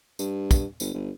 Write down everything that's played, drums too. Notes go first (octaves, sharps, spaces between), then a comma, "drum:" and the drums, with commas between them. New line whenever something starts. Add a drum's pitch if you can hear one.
G2, drum: tambourine
drum: kick, tambourine
G1, drum: tambourine
G1